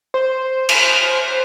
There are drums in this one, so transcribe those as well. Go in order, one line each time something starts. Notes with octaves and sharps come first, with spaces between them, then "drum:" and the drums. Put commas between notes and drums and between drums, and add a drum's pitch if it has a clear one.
C5
drum: cymbal